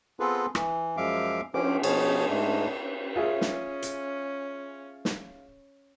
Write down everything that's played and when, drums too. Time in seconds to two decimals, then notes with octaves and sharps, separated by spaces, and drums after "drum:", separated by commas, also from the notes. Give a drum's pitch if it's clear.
0.20 B3 C4 F4 G#4 A4 B4
0.55 E3, drum: rim click
0.97 F#2 F3 G#3 E5 F5 D6
1.54 F3 C#4 D6, drum: cymbal
1.83 B2 F3 G#4 C#5 A5, drum: cymbal
2.29 G#2 G#3 A3 D4
3.16 C#4 F4 G#4 E5
3.41 drum: snare
3.82 drum: hi-hat
5.05 drum: snare